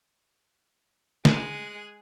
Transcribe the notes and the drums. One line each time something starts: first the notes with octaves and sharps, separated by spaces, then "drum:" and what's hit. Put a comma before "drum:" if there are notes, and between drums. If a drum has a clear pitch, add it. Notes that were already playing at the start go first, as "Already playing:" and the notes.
G#3 G#4 F#6, drum: snare